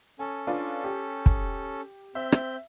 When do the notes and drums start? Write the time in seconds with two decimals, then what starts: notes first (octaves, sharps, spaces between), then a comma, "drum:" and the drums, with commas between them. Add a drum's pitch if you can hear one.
0.19 C#4 A4 G#5
0.47 D4 F4 B4
0.84 G4
1.26 drum: kick
2.15 C4 E5 G6
2.32 drum: rim click